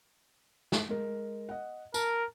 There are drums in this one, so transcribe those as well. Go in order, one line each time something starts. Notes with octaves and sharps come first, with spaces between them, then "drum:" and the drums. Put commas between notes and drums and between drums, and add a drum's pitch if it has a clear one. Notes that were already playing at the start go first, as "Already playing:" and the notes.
drum: snare
G#3 A#4
D#5 F#5
A#4 A5, drum: tambourine